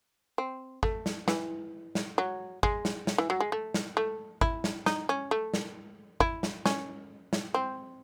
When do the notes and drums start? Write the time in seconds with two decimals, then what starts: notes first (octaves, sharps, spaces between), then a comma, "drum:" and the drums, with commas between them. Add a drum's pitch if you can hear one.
0.38 C4
0.83 A3, drum: kick G#1
1.06 drum: snare
1.28 E3, drum: snare
1.95 drum: snare
2.18 F#3
2.63 G#3, drum: kick G#1
2.85 drum: snare
3.07 drum: snare
3.18 E3
3.30 F#3
3.40 G#3
3.52 A3
3.74 drum: snare
3.97 A3
4.41 E4, drum: kick G#1
4.64 drum: snare
4.86 D#4, drum: snare
5.09 C#4
5.31 A3
5.54 drum: snare
6.20 E4, drum: kick G#1
6.43 drum: snare
6.66 C#4, drum: snare
7.33 drum: snare
7.54 C4